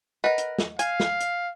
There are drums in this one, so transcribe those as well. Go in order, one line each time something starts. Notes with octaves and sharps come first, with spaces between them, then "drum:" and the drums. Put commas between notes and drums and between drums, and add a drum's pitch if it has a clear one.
A#4 B4 D#5 F#5
drum: hi-hat
drum: snare
F5 G#5, drum: hi-hat
drum: snare
drum: hi-hat